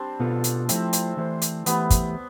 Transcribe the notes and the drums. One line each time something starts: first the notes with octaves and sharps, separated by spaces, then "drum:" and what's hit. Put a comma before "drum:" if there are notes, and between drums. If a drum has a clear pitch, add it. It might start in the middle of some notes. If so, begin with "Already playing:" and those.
Already playing: G3 C4 D4
B2 B3 F4 A4
drum: hi-hat
F3 A3 C4 E4, drum: hi-hat
drum: hi-hat
E3 A3 E4 A4 C5
drum: hi-hat
E3 A3 B3 E4 G4, drum: hi-hat
drum: kick, hi-hat